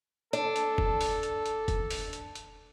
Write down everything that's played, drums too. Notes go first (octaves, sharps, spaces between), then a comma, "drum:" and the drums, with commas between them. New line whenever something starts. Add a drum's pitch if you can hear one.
D4 A4, drum: hi-hat
drum: hi-hat
drum: kick F1
drum: open hi-hat
drum: hi-hat
drum: hi-hat
drum: kick F1, hi-hat
drum: open hi-hat
drum: hi-hat
drum: hi-hat